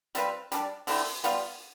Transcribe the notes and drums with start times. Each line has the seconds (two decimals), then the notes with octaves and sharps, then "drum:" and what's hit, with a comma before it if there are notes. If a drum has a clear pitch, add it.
0.15 G3 C4 F4 B4, drum: hi-hat
0.52 G3 D4 A4 D5, drum: hi-hat
0.87 D3 A3 C4 E4, drum: open hi-hat
1.24 G3 B3 F4, drum: hi-hat